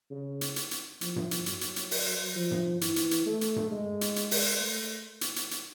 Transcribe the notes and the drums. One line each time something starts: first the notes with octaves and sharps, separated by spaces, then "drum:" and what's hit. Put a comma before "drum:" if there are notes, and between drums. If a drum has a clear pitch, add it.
C#3
drum: hi-hat
drum: hi-hat
drum: hi-hat
F3, drum: hi-hat
drum: tom G2
drum: hi-hat
F#3, drum: hi-hat
drum: hi-hat
drum: hi-hat
drum: open hi-hat
F3
drum: tom G2
E3, drum: hi-hat
drum: hi-hat
drum: hi-hat
A3
drum: hi-hat
drum: tom G2
G#3
drum: hi-hat
drum: hi-hat
drum: open hi-hat
A3
drum: hi-hat
drum: hi-hat
drum: hi-hat